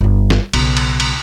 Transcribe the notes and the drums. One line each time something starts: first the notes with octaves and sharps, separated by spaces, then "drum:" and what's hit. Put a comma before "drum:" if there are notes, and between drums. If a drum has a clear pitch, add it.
G1 D4
drum: snare
B1 C#3, drum: cymbal
drum: cymbal
drum: cymbal